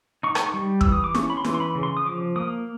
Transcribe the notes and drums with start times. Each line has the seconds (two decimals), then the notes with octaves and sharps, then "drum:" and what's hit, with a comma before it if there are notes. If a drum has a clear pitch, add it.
0.23 D#4 C#6
0.35 drum: rim click
0.46 C#6
0.54 G3
0.81 E3 E6, drum: kick
0.92 D#6
1.04 D6
1.15 C#4 C#6, drum: snare E4
1.30 B5
1.37 C6
1.44 E3, drum: snare E4
1.54 C6
1.60 B5
1.75 C#3
1.83 C6
1.97 D#6
2.06 F3 D6
2.36 A#3 D#6